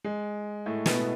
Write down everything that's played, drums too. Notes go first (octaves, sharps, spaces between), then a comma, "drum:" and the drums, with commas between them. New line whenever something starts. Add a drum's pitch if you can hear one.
G#3
A2 A3
B2 B3, drum: snare